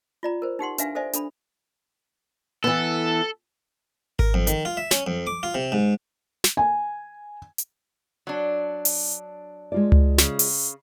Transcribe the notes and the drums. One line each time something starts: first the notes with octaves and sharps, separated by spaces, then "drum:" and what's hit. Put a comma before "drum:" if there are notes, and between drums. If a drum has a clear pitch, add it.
F4 D5 A#5
A#4 C5
D#4 G4 F#5 C6
D4 B4 E5 F5 G#5, drum: hi-hat
A4 C5 D5 E5 G#5
D4 A4 B5, drum: hi-hat
E3 B3 A4
A#4, drum: kick G#1
F2
D#3, drum: hi-hat
F4
E5
C#4, drum: snare
F2
D6
F4
C3
G#2
drum: snare
G#5
drum: hi-hat
F#3 D4
drum: open hi-hat
G#3 F4 D5
drum: tom C#2
C#3, drum: snare
drum: open hi-hat